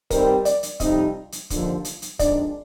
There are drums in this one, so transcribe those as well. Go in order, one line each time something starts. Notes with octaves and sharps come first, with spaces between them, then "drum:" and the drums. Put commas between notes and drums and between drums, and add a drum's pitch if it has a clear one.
D#3 G3 C4 A#4, drum: kick, hi-hat
D5, drum: hi-hat
drum: hi-hat
F2 C3 G3 C4 D#4 D#5, drum: kick, hi-hat
drum: hi-hat
D#2 D3 F3, drum: kick, hi-hat
drum: hi-hat
drum: hi-hat
F2 D#3 G#3 D4 D5, drum: kick, hi-hat